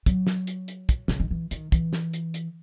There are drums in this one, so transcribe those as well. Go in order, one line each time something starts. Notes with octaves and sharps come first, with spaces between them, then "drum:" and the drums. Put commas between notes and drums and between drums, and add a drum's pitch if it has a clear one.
F#3, drum: kick, hi-hat
drum: snare
drum: hi-hat
drum: hi-hat
drum: kick, hi-hat
C#3, drum: snare
D#3
E3
D#3, drum: hi-hat
E3, drum: kick, hi-hat
drum: snare
drum: hi-hat
drum: hi-hat